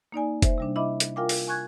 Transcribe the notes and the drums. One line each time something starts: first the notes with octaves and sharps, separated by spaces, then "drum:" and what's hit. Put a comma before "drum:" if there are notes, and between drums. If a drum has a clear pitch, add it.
A#3 D#4 D5 G#5
C5 E5, drum: kick F#1, hi-hat
C3 G3 D4
E4 D#5 E5 B5 D6
drum: hi-hat
F4 A#4 F5 G5 G#5 D6
drum: open hi-hat
G#5 C#6 F#6 G#6